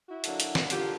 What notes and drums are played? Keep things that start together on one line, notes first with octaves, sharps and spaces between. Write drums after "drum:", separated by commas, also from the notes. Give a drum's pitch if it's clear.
E4 F#4
D3 F#3 A#3 D4, drum: hi-hat
drum: hi-hat
drum: snare
D3 F#3 A#3 D4 F4 G4, drum: hi-hat